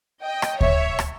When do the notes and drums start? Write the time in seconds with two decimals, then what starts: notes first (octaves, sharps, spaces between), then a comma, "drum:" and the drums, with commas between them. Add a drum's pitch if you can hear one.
0.24 D#5 G5
0.42 drum: rim click
0.61 C#5 E5, drum: kick D2
0.99 drum: rim click